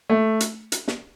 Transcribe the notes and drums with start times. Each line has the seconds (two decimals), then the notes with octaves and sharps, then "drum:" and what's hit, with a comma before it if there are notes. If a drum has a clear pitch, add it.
0.09 A3
0.40 drum: hi-hat
0.72 drum: hi-hat
0.88 drum: snare